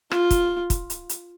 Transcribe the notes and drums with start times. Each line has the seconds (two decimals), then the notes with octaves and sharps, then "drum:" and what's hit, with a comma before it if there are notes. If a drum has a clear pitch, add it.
0.11 F4, drum: rim click
0.31 drum: kick, hi-hat
0.70 drum: kick, hi-hat
0.90 drum: hi-hat
1.09 drum: hi-hat